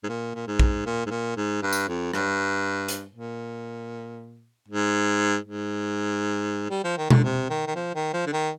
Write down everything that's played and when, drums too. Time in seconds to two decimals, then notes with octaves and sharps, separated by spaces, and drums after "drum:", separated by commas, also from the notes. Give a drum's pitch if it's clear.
0.04 G#2
0.09 A#2
0.35 A#2
0.47 G#2
0.60 drum: kick
0.86 A#2
1.06 G#2
1.10 A#2
1.36 G#2
1.63 G2
1.73 drum: tambourine
1.88 F2
2.14 G2, drum: rim click
2.88 drum: hi-hat
3.15 A#2
4.68 G#2
5.45 G#2
6.70 G3
6.84 F3
6.97 D#3
7.10 D3, drum: tom B2
7.24 C3
7.50 D#3
7.67 D#3
7.75 F3
7.95 D#3
8.13 F3
8.26 D3
8.33 D#3